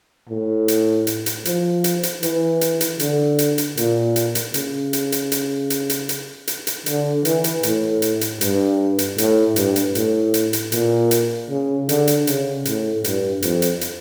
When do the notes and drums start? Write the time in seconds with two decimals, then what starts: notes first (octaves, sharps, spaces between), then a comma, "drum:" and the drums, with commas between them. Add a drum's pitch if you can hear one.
0.29 A2
0.68 drum: hi-hat
1.07 drum: hi-hat
1.26 drum: hi-hat
1.45 F3, drum: hi-hat
1.84 drum: hi-hat
2.03 drum: hi-hat
2.23 E3, drum: hi-hat
2.61 drum: hi-hat
2.81 drum: hi-hat
3.00 D3, drum: hi-hat
3.39 drum: hi-hat
3.58 drum: hi-hat
3.77 A#2, drum: hi-hat
4.16 drum: hi-hat
4.35 drum: hi-hat
4.54 C#3, drum: hi-hat
4.93 drum: hi-hat
5.12 drum: hi-hat
5.32 drum: hi-hat
5.70 drum: hi-hat
5.90 drum: hi-hat
6.09 drum: hi-hat
6.47 drum: hi-hat
6.67 drum: hi-hat
6.86 D3, drum: hi-hat
7.25 E3, drum: hi-hat
7.44 drum: hi-hat
7.63 A2, drum: hi-hat
8.02 drum: hi-hat
8.21 drum: hi-hat
8.41 G2, drum: hi-hat
8.99 drum: hi-hat
9.18 A2, drum: hi-hat
9.56 G2, drum: hi-hat
9.76 drum: hi-hat
9.95 A2, drum: hi-hat
10.34 drum: hi-hat
10.53 drum: hi-hat
10.72 A#2, drum: hi-hat
11.11 drum: hi-hat
11.49 C#3
11.89 D3, drum: hi-hat
12.07 drum: hi-hat
12.27 C#3, drum: hi-hat
12.65 A2, drum: hi-hat
13.04 G2, drum: hi-hat
13.42 F2, drum: hi-hat
13.62 drum: hi-hat
13.81 drum: hi-hat